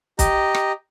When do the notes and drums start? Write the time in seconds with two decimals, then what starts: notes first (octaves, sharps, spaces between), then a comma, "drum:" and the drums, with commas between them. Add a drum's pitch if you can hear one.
0.19 G4 D#5 A#5, drum: kick, hi-hat
0.54 drum: rim click